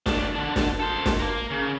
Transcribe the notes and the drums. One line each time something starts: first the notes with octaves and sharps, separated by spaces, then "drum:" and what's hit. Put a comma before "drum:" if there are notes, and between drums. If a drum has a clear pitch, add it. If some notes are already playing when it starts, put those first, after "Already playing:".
A2 D4, drum: snare
D3 D4
drum: snare
A4 C5
drum: snare
A#3 A#4
C#3